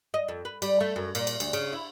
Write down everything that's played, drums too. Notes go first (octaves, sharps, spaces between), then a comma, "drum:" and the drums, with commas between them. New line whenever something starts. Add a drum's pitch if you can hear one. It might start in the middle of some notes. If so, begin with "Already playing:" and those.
D#5
F2
B4
G3, drum: cymbal
A3
F#2
A#2, drum: cymbal
drum: cymbal
D2, drum: cymbal
C#3, drum: cymbal
E4